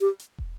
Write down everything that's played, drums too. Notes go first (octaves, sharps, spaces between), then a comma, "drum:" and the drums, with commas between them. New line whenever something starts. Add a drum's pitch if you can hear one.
G4
drum: hi-hat
drum: kick